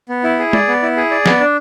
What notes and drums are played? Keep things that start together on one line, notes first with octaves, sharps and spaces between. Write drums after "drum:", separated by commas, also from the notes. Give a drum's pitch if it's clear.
B3
E4
G#4
D5, drum: tom
B3
E4
G#4
D5
B3, drum: snare
D4